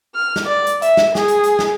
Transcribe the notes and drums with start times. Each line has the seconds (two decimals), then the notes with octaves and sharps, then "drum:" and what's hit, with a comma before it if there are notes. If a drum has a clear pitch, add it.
0.15 F6
0.36 drum: snare
0.46 D5
0.67 drum: hi-hat
0.82 E5, drum: hi-hat
0.97 drum: snare
1.15 G#4, drum: snare
1.28 drum: hi-hat
1.43 drum: hi-hat
1.59 drum: snare